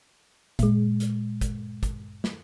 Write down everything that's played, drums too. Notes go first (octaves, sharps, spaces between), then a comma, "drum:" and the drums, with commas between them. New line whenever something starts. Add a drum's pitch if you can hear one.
A#2 G#3, drum: kick, hi-hat
drum: hi-hat
drum: kick, hi-hat
drum: kick, hi-hat
drum: snare